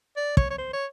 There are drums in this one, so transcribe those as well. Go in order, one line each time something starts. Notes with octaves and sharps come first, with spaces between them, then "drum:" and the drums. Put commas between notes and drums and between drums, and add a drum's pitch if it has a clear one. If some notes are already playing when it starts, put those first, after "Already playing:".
D5
C#5, drum: kick
C#5
C5
C#5